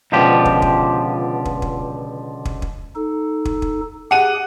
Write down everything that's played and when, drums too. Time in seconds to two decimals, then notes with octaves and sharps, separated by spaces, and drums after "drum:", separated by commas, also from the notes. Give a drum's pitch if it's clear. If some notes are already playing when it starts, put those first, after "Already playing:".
0.12 C#2 B2 D3 F3 G4
0.45 drum: kick
0.62 drum: kick
1.45 drum: kick
1.62 drum: kick
2.45 drum: kick
2.62 drum: kick
2.96 D#4 A4
3.45 drum: kick
3.62 drum: kick
4.11 G4 G#4 F#5 D#7